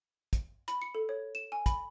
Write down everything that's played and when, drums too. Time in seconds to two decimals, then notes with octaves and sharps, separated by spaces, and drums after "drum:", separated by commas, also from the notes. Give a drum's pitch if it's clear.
0.33 drum: kick, hi-hat
0.68 B5, drum: hi-hat
0.82 C#7
0.95 A4
1.09 C#5
1.35 E7
1.52 G#5
1.66 B5, drum: kick, hi-hat